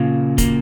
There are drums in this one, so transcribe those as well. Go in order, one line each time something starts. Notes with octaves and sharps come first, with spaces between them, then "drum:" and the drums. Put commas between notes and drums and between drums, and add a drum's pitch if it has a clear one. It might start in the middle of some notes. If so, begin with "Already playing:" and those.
Already playing: A#2 C#3 A#3
A#3, drum: kick, hi-hat